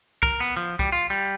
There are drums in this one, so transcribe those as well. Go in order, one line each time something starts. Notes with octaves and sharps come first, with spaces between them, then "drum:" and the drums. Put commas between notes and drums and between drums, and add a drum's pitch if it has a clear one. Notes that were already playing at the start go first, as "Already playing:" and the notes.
A#4, drum: kick
B3
F3
G3, drum: kick
F4
G3